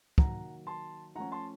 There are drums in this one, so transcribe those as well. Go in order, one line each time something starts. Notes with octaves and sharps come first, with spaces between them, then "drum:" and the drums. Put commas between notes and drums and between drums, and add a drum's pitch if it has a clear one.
D#3 F#3 A#3 F#5 A#5, drum: kick
A5 C6
F3 A3 C#4 F#5 A#5
A5 C6